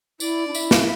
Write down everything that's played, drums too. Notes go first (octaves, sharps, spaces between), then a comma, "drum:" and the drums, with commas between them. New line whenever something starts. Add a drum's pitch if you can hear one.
E4 D5, drum: tambourine
D4
E4 E5, drum: tambourine
drum: snare